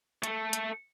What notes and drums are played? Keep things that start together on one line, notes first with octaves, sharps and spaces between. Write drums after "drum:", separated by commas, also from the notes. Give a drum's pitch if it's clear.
A3 A4, drum: hi-hat
drum: hi-hat